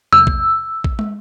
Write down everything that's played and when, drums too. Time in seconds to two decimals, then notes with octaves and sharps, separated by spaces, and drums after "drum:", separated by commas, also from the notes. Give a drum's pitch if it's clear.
0.13 E6, drum: tom
0.27 drum: kick
0.84 drum: kick
0.99 drum: tom